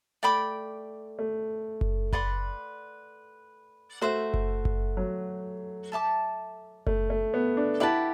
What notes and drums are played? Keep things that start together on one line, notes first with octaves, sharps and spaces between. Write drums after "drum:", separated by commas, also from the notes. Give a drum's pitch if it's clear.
A3 D5 G5 B5 D6
A3
drum: kick F#1
B4 D5 F#5 C6, drum: kick F#1
A3 F#4 C5 E5
drum: kick F#1
drum: kick F#1
F#3
A4 E5 A5 D6
A3, drum: kick F#1
A3
B3
D4
E4 G4 B4 F#5 A5